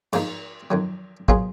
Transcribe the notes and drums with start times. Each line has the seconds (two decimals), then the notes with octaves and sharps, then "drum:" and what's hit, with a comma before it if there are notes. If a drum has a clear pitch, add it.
0.13 G#2 F3 A#3 D#4, drum: cymbal
0.70 F2 D#3 F#3
1.28 B2 F#3 A#3 F4 G#4, drum: kick